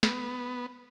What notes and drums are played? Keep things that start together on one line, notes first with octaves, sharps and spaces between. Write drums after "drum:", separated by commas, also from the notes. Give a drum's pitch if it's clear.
B3, drum: snare